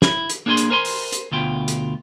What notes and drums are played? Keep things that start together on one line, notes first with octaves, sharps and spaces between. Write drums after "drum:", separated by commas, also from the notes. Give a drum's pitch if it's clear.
E4, drum: snare
drum: hi-hat
A#3 D4 G#4 C#5 G#5 C6
drum: hi-hat
A#4 C5 G#5 A5 C6
drum: open hi-hat
drum: hi-hat
D2 B2 F4 G5
drum: hi-hat